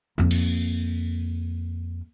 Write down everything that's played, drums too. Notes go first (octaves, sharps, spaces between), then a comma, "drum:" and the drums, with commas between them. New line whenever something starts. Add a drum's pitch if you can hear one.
F2 A#3
drum: cymbal